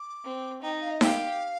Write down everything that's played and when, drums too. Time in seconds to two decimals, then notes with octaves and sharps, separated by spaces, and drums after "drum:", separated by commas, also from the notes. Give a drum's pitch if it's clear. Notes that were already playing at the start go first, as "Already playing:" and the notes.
Already playing: D6
0.24 C4
0.62 D#4 G5
0.81 F5
0.91 D#5
1.01 G4 F5, drum: snare D#4